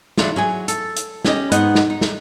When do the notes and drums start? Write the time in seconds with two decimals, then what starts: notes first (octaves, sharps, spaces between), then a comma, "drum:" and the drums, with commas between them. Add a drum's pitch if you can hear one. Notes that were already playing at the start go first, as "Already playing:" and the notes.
0.18 E3 F#3 D4 F4, drum: snare
0.36 F#3 G#4 G#5
0.68 A4, drum: hi-hat
0.96 drum: hi-hat
1.25 C#4 G4 D#5, drum: snare
1.52 G#2 B3 D#5 F#5, drum: hi-hat
1.75 drum: snare
1.90 D#4
2.01 drum: snare